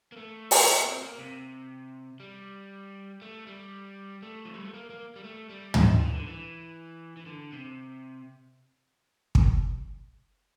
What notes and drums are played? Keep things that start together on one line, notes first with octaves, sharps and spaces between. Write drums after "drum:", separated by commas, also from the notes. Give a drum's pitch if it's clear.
A#3
A3
drum: open hi-hat
A#3
C4
A#3
C3
G3
A3
G3
A3
F3
G3
A3
A#3
A#3
G3
A3
G3
F3, drum: tom
E3
D3
E3
E3
D3
C3
drum: kick